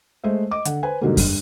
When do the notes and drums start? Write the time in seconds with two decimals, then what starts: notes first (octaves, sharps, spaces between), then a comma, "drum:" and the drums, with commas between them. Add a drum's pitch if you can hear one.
0.24 G#3 A3 C5 E5
0.51 D#5 D6
0.65 D3 F#5, drum: hi-hat
0.83 B4 C5 G#5
1.01 G#2 B2 D3 F#3 G3 A#3
1.17 G2, drum: kick F2, open hi-hat